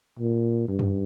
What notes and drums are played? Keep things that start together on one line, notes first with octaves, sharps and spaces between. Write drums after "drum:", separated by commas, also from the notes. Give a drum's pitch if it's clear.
A#2
G2
drum: tom F#2